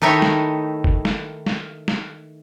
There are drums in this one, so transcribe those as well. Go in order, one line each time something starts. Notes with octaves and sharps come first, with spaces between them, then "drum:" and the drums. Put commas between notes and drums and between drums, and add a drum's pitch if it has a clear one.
D#3 A3 D#4 E4 C#5 G5
drum: snare
drum: kick
drum: snare
drum: snare
drum: snare